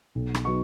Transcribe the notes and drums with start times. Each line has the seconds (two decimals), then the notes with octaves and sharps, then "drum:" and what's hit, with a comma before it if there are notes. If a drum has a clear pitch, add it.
0.15 B1
0.34 drum: rim click
0.45 F#3 B3 D#4 C#6